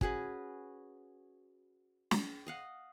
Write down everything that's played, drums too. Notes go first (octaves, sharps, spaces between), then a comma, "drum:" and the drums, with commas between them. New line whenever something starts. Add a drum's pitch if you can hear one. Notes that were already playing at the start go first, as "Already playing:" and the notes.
C#4 F#4 G#4 B4, drum: kick
drum: snare
D#5 F5 F#5